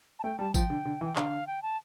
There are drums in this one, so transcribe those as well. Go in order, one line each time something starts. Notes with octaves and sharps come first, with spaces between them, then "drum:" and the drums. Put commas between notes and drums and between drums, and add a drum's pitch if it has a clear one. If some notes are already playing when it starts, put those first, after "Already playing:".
A5
A3 G5
G3 A5
F3 G5, drum: kick G#1, tambourine
D3
D3
E3
G5
D3 F5, drum: clap
G5
A5